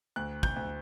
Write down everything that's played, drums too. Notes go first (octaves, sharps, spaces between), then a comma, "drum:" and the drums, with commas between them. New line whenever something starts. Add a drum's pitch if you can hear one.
D2 F#6
G6, drum: kick
D2